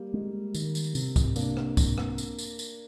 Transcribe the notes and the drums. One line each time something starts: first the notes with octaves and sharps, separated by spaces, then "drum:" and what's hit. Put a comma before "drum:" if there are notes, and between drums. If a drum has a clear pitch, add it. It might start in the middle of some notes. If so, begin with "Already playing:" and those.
Already playing: G3 A#3
G#3
D#3, drum: tambourine
drum: tambourine
C3, drum: tambourine
drum: kick C2, tambourine
C3 A#3 D4, drum: tambourine
drum: rim click
drum: kick C2, tambourine
drum: rim click
drum: tambourine
drum: tambourine
drum: tambourine